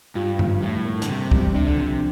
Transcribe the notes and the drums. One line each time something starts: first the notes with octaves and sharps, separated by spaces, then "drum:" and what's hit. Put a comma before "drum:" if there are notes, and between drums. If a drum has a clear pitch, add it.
G2 F4
F3, drum: tom F#2
A2 G3
A#3
D3, drum: hi-hat
C3 G3
G3, drum: kick
C3 D4
D3
C3 F3